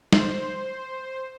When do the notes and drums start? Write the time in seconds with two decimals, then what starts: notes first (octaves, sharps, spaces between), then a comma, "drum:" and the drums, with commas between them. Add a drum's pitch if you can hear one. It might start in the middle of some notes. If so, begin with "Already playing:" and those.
0.12 C5, drum: snare